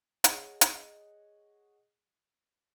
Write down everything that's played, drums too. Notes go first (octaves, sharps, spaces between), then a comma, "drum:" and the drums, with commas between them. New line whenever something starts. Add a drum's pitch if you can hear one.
G#4 C#5 D#5 F#5, drum: hi-hat
drum: hi-hat